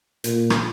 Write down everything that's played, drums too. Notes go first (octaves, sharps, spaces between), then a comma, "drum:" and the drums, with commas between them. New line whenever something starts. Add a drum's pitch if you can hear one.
A#2, drum: hi-hat
drum: rim click